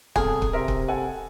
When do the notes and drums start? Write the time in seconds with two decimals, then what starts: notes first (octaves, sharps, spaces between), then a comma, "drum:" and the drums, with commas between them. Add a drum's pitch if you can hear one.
0.16 G1 C3 G#4 A4 F6, drum: kick
0.42 drum: kick
0.53 C3 A#4 E5 C6
0.68 drum: kick
0.88 A4 F#5 G#5